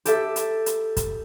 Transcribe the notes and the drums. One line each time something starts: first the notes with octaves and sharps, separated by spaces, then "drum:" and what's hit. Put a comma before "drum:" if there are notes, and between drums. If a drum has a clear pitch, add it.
G4 A4 E5, drum: hi-hat
drum: hi-hat
drum: hi-hat
drum: kick, hi-hat